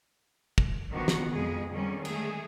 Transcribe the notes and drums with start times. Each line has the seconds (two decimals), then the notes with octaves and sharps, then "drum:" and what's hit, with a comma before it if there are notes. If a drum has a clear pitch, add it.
0.58 drum: kick
0.91 D3 D#3 F3 B3 F#4
1.08 drum: snare
1.32 F2 B2 G#3 G#4
1.73 D3 D#3 G3 C4 C#4
2.05 G#3 A3 G#4, drum: cymbal